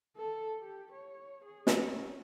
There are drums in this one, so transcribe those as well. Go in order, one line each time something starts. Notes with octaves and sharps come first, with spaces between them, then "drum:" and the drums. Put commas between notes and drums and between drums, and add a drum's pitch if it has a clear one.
A4
G4
C#5
G#4
drum: snare
C#4